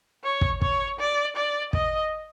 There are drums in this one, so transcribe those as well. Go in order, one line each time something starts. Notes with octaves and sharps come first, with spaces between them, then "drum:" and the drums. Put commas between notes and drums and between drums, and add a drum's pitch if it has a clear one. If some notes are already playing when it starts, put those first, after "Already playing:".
C#5
drum: kick
C#5, drum: kick
D5
D5
D#5, drum: kick